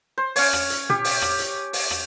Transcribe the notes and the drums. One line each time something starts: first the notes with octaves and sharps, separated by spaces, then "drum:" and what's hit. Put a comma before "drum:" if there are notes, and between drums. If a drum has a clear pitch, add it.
C5
C#4 C#5, drum: open hi-hat
drum: rim click
drum: hi-hat
G4, drum: tom
drum: open hi-hat
drum: rim click
drum: hi-hat
drum: open hi-hat
drum: rim click